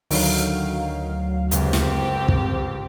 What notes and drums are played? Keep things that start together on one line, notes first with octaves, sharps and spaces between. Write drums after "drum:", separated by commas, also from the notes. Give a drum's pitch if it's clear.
D2 D#3 F#3 F5, drum: open hi-hat
C#2 F#2 C4 G4, drum: hi-hat
drum: snare
drum: kick